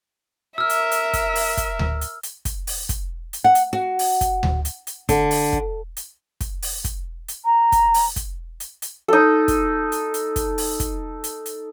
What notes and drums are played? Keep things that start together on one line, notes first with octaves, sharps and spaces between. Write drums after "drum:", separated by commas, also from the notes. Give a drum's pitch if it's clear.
A#4 E5 E6 F6
drum: hi-hat
drum: hi-hat
drum: kick, hi-hat
drum: open hi-hat
drum: kick, hi-hat
drum: tom D2
drum: hi-hat
drum: hi-hat
drum: kick, hi-hat
drum: open hi-hat
drum: kick, hi-hat
drum: hi-hat
F#5
drum: hi-hat
F#4
drum: open hi-hat
drum: kick, hi-hat
drum: tom D2
drum: hi-hat
drum: hi-hat
D3, drum: kick, hi-hat
drum: open hi-hat
drum: kick
drum: hi-hat
drum: kick, hi-hat
drum: open hi-hat
drum: kick, hi-hat
drum: hi-hat
A#5
drum: kick, hi-hat
drum: open hi-hat
drum: kick, hi-hat
drum: hi-hat
drum: hi-hat
D#4 A4
drum: kick, hi-hat
drum: hi-hat
drum: hi-hat
drum: kick, hi-hat
drum: open hi-hat
drum: kick, hi-hat
drum: hi-hat
drum: hi-hat